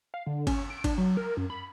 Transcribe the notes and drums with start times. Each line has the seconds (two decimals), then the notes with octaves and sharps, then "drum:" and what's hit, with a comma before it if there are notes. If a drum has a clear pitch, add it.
0.14 F5
0.26 D3
0.47 C#4, drum: kick, cymbal
0.70 D7
0.84 D4, drum: kick, cymbal
0.98 F#3
1.17 A#4
1.37 F#2
1.50 B5